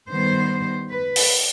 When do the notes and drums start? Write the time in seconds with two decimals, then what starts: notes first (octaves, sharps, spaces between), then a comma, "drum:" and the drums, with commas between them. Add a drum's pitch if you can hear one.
0.10 D#3 G3 B3 C5
0.91 B4
1.16 drum: open hi-hat